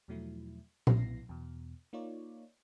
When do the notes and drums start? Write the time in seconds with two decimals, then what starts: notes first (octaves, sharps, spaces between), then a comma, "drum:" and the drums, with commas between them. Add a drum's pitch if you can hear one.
0.08 E2 B2 F3 F#3 A3 E4
0.87 B1 B3 E4 A#6 C7, drum: tom A#2
1.29 E2 B2
1.93 A#3 D#4 F4 C#5 D5